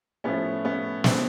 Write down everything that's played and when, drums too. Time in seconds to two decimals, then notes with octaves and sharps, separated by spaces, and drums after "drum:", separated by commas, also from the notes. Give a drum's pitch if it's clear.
0.24 A2 F3 A3 B3 C#4
0.65 B3 C#4
1.04 C4 D4, drum: snare